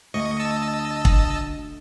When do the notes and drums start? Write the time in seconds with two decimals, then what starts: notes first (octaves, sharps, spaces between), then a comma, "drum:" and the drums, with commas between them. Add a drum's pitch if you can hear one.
0.14 D2 D#5 C#6
0.39 D#5 A5 E6
1.05 drum: kick